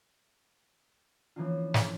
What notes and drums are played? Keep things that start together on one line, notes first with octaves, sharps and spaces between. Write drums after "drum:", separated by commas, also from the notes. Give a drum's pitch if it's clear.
E3 F3 A#3 C#4 D4 F4
drum: snare